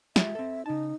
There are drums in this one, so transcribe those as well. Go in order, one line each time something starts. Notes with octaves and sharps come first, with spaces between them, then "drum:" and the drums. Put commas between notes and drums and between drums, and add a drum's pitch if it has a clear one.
G#3 F4 G4 E5, drum: snare
C4 A4
C#3 D#4 A5